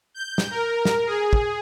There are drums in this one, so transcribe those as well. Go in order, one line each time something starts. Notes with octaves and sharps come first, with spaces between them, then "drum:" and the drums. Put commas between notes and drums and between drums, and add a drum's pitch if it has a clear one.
G6
drum: snare
A#4
drum: snare
G#4
drum: kick